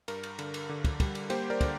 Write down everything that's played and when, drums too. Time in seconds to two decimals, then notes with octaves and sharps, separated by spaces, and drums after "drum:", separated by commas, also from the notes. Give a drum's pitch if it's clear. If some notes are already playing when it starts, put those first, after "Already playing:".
0.08 G2 A#4, drum: cymbal
0.23 drum: cymbal
0.39 D3, drum: cymbal
0.54 drum: cymbal
0.69 D3
0.84 drum: kick, cymbal
1.00 G3, drum: kick, cymbal
1.15 drum: cymbal
1.30 A#3 G4 C5, drum: cymbal
1.50 A#4 D5
1.61 D3, drum: kick, cymbal